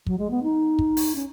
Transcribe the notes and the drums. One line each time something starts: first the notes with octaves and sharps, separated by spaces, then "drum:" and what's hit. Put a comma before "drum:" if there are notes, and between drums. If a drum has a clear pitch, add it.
F#3, drum: kick
G#3
B3
D#4
drum: kick
drum: open hi-hat
C#4